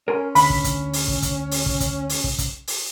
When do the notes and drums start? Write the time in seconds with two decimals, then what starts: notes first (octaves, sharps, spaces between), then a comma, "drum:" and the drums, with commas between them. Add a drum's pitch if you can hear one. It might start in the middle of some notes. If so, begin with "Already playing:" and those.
0.08 C#4 A#4 G#5 C6
0.35 D2 B5, drum: open hi-hat
0.50 drum: kick
0.64 drum: kick, hi-hat
0.93 drum: open hi-hat
1.08 drum: kick
1.22 drum: kick, hi-hat
1.51 drum: open hi-hat
1.66 drum: kick
1.80 drum: kick, hi-hat
2.09 drum: open hi-hat
2.24 drum: kick
2.38 drum: kick, hi-hat
2.67 drum: open hi-hat